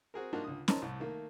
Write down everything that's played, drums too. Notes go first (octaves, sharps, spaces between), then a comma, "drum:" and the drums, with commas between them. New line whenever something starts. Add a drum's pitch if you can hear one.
C4 F#4 G#4 A#4
A#3 D4 D#4 F4 F#4
C#2 D3 D#6
A#4 C5 C#5 D#5 A5 A#5, drum: snare C#4
C2 A2
D#3 A3 A#3